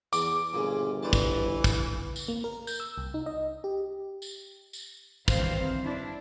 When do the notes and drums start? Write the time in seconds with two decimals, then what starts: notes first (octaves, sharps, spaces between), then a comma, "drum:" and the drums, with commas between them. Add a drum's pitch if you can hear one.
0.13 E2 D6, drum: tambourine
0.53 G1 A#2 C#3 C#4
1.03 E3 C5 D5 A5
1.13 drum: kick, tambourine
1.64 drum: kick, tambourine
2.16 drum: tambourine
2.28 A#3
2.44 A#4
2.67 G6, drum: tambourine
2.80 E6
2.98 C2
3.14 D#4
3.26 D#5
3.64 G4
4.22 drum: tambourine
4.73 drum: tambourine
5.28 G2 D#3 E3 C4 C5 F5, drum: kick, tambourine
5.82 D4 E4